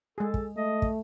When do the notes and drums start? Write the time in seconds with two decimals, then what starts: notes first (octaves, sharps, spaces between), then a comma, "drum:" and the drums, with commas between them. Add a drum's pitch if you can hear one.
0.18 G#3 G#4 A4
0.34 drum: kick
0.57 A3 D#5
0.82 drum: kick